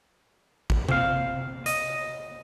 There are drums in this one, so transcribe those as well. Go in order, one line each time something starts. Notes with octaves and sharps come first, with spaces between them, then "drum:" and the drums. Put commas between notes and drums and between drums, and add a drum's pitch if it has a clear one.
drum: kick
C4 F5, drum: tom C3
D#5, drum: hi-hat